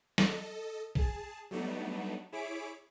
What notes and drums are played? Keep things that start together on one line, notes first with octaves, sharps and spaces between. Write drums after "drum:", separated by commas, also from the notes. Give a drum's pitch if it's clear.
A4 D#5, drum: snare
G#4 A5, drum: kick A#1
F#3 G3 A3 B3 D4 D#4
E4 G#4 C#5 D6 B6 D7